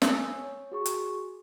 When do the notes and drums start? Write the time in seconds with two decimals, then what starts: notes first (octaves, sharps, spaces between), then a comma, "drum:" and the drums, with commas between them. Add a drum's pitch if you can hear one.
0.02 G#5 E6, drum: snare
0.33 C#5
0.72 F#4 G#4 C#6
0.86 drum: hi-hat